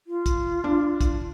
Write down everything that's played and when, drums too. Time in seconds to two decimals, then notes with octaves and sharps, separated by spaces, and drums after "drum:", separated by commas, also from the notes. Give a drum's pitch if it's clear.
0.07 F4
0.26 drum: kick A#1, hi-hat
0.64 D4
1.01 drum: kick A#1, hi-hat